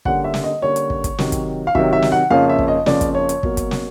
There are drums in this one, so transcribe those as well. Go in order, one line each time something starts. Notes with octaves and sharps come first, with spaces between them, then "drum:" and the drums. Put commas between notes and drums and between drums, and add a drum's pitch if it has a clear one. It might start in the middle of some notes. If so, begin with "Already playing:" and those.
D3 G3 A#3 C#4 F#5, drum: kick
E5
drum: snare
D#5
D3 G3 A#3 C#4 C#5
drum: hi-hat
drum: kick
drum: kick, hi-hat
C3 D#3 F#3, drum: snare
drum: kick, hi-hat
F5
C3 D#3 F#3 E5, drum: kick
E5
drum: snare
F#5
F2 C#3 F3 A#3 C#4 F5
E5
drum: kick
D#5
F2 C#3 F3 A#3 C#4 D5, drum: snare
drum: kick, hi-hat
C#5
drum: hi-hat
B2 F#3 A#3, drum: kick
drum: kick, hi-hat
drum: snare